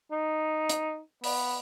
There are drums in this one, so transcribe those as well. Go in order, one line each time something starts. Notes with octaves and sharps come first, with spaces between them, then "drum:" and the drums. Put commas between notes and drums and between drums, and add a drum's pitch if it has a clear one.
D#4
drum: hi-hat
B3, drum: open hi-hat